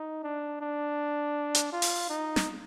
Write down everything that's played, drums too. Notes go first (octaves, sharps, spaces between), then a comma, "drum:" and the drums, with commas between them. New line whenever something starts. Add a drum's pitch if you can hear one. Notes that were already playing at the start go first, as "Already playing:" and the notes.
Already playing: D#4
D4
D4
drum: hi-hat
F4
drum: open hi-hat
D#4
drum: snare